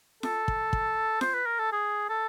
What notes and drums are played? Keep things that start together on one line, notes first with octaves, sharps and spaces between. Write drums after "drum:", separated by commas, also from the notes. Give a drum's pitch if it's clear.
A4, drum: snare F4
drum: kick
drum: kick
C5, drum: snare F4
B4
A#4
A4
G#4
A4